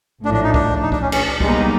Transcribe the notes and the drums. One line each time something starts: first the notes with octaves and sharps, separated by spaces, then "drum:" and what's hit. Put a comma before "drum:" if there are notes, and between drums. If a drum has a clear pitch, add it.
A#1 A2 F3 D4
D4
D#4
D4, drum: kick C#2
D#4
D4, drum: kick C#2
C#4
C#4, drum: cymbal
D4
B1 B2 G3 G#3 A#3 D#4, drum: kick C#2